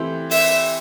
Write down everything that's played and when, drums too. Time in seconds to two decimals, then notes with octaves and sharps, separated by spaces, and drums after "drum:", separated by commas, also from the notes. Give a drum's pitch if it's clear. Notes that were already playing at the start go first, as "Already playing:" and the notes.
Already playing: E3 A3 C4 E4 G4
0.31 E5, drum: open hi-hat